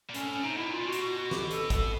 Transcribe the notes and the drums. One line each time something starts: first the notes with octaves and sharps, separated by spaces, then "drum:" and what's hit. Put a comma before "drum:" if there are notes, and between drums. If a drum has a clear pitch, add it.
A#2
A2 C#4, drum: hi-hat
C#4
C3 D#4
B2 E4
A#2 F4
B2 F#4
drum: hi-hat
F#4
F#4
G4, drum: snare
A4, drum: hi-hat
A4, drum: kick, hi-hat